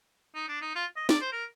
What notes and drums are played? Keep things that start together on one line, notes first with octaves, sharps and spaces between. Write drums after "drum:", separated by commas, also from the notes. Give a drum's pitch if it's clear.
D#4
D4
D#4
F4
D#5
D5, drum: snare D4
C5
A#4